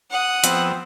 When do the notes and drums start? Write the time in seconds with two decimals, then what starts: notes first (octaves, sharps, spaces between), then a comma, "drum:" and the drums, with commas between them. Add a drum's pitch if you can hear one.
0.11 F#5 D#6
0.44 F3 B3 C4 E6, drum: hi-hat